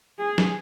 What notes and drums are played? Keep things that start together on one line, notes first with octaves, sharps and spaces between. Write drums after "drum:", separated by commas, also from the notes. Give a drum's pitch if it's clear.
G#4
drum: snare